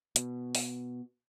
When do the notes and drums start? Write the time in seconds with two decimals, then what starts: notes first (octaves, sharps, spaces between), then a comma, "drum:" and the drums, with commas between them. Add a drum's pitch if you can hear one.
0.16 B2, drum: hi-hat
0.55 drum: open hi-hat